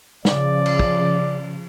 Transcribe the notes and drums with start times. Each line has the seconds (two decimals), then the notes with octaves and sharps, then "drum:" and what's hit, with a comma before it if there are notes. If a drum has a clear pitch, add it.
0.25 C#3 F3 D5, drum: snare
0.66 drum: cymbal
0.79 drum: kick